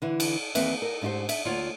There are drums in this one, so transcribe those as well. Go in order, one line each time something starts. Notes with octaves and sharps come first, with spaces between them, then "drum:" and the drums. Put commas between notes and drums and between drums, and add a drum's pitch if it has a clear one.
D3 E3 E4
drum: cymbal
D#2 E3 A#3 C4 B4 E5, drum: cymbal
A#4
G#2 D4 E4 G4 C5
E5, drum: cymbal
D2 A#3 F4 C#5 D5 F#5